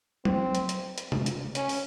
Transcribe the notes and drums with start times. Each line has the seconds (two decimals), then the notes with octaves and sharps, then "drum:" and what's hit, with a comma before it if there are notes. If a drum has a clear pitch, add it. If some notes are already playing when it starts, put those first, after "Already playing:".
0.25 C4, drum: tom F#3
0.55 drum: hi-hat
0.69 drum: hi-hat
0.98 drum: hi-hat
1.12 drum: tom C3
1.26 drum: hi-hat
1.55 C#4, drum: hi-hat
1.69 drum: open hi-hat